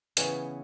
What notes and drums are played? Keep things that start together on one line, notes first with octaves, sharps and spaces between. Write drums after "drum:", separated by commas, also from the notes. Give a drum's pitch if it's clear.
C#3 E3 B3 C#4, drum: hi-hat